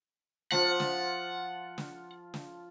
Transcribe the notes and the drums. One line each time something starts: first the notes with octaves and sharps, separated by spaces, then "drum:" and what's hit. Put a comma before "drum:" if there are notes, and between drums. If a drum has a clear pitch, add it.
F3 F4 F#5, drum: snare
drum: snare
drum: snare
drum: snare